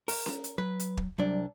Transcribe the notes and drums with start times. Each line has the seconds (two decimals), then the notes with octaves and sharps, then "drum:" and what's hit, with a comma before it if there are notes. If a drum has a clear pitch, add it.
0.08 A#4, drum: open hi-hat
0.26 drum: snare C#4
0.44 drum: hi-hat
0.58 F#3 B4
0.80 drum: hi-hat
0.97 drum: kick
1.18 C2 F#3 G3 D4